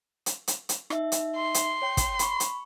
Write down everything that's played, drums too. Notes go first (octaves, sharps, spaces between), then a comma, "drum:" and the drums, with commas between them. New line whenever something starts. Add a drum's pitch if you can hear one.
drum: hi-hat
drum: hi-hat
drum: hi-hat
D#4 E5, drum: rim click
drum: hi-hat
C6
drum: hi-hat
C#5 G5
drum: kick, hi-hat
B5 C#6, drum: hi-hat
drum: hi-hat